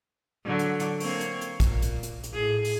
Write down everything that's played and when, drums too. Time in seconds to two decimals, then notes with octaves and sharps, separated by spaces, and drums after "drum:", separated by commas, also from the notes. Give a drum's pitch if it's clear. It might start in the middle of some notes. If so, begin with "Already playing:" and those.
0.45 D3 F#3
0.59 drum: hi-hat
0.80 drum: hi-hat
1.00 A#3 C4 C#5, drum: open hi-hat
1.21 drum: hi-hat
1.41 drum: hi-hat
1.60 A#2, drum: kick, hi-hat
1.82 drum: hi-hat
2.03 drum: hi-hat
2.23 drum: hi-hat
2.33 A2 G#4
2.65 drum: open hi-hat